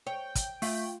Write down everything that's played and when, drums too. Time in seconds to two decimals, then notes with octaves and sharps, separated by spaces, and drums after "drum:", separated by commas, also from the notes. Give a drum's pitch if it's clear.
0.07 C#5 G5
0.35 drum: kick, hi-hat
0.62 A3 F4, drum: open hi-hat